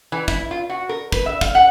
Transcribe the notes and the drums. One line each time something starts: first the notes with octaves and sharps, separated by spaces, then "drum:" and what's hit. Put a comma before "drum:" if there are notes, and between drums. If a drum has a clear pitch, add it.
E3
E4, drum: kick
F4
F#4
A#4
B4, drum: kick
E5
F5, drum: kick
F#5